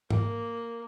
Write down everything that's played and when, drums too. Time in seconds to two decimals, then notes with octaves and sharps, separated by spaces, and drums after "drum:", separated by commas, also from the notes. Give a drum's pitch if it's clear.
0.10 A#3, drum: tom